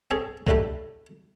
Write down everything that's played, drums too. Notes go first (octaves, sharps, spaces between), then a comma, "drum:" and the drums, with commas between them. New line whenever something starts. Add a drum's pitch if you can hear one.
C4 G#4 A4 C#5
A2 A3 D4 E4 G4 A4, drum: kick